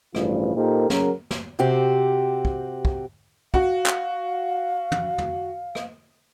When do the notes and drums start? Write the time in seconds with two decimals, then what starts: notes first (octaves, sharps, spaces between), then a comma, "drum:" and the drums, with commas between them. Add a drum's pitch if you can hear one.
0.15 A1 G2 C#3 F3 G3 F4, drum: rim click
0.55 A#2 D#4 G4 A4 A#4 C5
0.90 C#3 F#3 A#4, drum: snare
1.31 drum: snare
1.59 C3 C4 F#4 G4
2.45 drum: kick
2.85 drum: kick
3.54 F#4 F5, drum: kick
3.86 drum: clap
4.92 drum: tom
5.18 drum: tom
5.75 drum: rim click